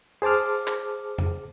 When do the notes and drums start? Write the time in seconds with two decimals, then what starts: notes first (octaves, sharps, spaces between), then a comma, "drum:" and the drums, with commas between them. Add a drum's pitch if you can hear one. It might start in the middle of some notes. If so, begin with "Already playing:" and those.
0.22 G#4 C5 A5 D6 F6
0.34 drum: open hi-hat
0.67 drum: clap
1.18 drum: tom F2